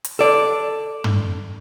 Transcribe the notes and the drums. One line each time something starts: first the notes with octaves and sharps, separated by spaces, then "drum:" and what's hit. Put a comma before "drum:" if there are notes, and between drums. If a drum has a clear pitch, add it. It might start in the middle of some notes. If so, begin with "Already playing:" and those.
drum: hi-hat
A4 D5
drum: tom